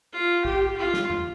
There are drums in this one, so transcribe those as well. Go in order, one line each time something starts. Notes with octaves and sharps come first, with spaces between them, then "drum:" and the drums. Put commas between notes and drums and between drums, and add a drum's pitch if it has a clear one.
F4
G4, drum: kick
F4
drum: snare
drum: tom F2